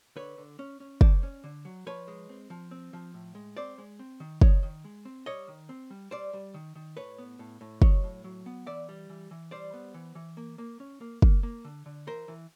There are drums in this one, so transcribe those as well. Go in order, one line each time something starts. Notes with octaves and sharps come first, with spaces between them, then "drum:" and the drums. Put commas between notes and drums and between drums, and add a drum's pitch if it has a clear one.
D3 B4 C#5
D3
C#4
C#4
A3 C5 D5, drum: kick
C#4
D3
F#3
F3 B4 C#5
G#3
C4
F3
C4
F3
A2
G#3
C4 C5 D5
G#3
C4
D#3
D#3 C#5 D#5, drum: kick
D#3
G#3
C4
G3 C#5 D#5
D#3
C4
G3
G3 C5 D5
G3
D#3
D#3
A2 B4 C#5
B3
A2
A2
F#3 C#5 D#5, drum: kick
A2
F#3
B3
E3 D5 E5
G3
E3
E3
G3 C5 D5
B3
E3
E3
A#3
A#3
C#4
A#3
A#3, drum: kick
A#3
D3
D3
E3 A#4 C5
E3